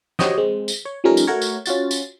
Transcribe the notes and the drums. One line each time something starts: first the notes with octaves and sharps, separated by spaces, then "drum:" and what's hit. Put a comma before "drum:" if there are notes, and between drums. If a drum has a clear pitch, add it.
F#4 G4 C5 C#5 D#5 G5, drum: snare
G#3 C4
drum: tambourine
C#5
F3 G3 A3 C#4 D#4 A#4
drum: tambourine
A3 F#4 A#4 C#5
drum: tambourine
C#4 F4 F#4 A6, drum: tambourine
drum: tambourine